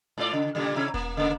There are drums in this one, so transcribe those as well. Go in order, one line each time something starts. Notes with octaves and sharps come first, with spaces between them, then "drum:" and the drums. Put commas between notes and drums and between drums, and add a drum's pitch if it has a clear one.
G#2 F4 D5
C#3
A#2 C#3 G3
C3 E4
A#3, drum: kick E1
C#3 A#3